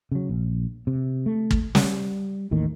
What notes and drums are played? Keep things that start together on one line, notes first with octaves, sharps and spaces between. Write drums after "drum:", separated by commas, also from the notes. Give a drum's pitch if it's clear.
C#3 F#3
A#1
C3
A3
drum: kick
G3, drum: snare
A1 D#2 A2 D#3